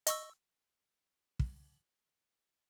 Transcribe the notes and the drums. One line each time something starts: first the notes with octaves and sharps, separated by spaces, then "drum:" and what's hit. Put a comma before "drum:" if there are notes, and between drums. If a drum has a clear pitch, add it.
D#5 C#6 E6, drum: hi-hat
drum: kick